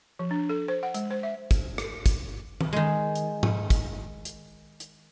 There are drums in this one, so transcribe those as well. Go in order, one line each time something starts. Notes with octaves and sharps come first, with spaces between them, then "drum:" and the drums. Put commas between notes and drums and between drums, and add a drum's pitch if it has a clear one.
F3
D4
A4
C5
F#5
G#3, drum: hi-hat
C5
E5
drum: kick, hi-hat
drum: rim click
drum: kick, hi-hat
drum: tom D#3
D#3 G#3
drum: hi-hat
drum: tom G#2
drum: kick, hi-hat
drum: hi-hat
drum: hi-hat